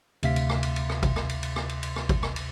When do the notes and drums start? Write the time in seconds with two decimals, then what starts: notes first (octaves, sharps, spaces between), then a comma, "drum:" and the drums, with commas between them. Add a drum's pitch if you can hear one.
0.23 D2 C3 E5 F5 B6, drum: cymbal
0.36 drum: cymbal
0.49 drum: rim click
0.63 drum: cymbal
0.76 drum: cymbal
0.89 drum: rim click
1.03 drum: kick G#1, cymbal
1.16 drum: rim click
1.29 drum: cymbal
1.43 drum: cymbal
1.56 drum: rim click
1.69 drum: cymbal
1.83 drum: cymbal
1.96 drum: rim click
2.09 drum: kick G#1, cymbal
2.23 drum: rim click
2.36 drum: cymbal